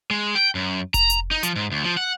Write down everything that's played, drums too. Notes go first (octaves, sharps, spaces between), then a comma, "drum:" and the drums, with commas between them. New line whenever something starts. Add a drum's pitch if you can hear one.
G#3
G5
F#2
A#5, drum: kick F1, hi-hat
drum: hi-hat
D#4
F3, drum: hi-hat
G#2
D2
F3
F#5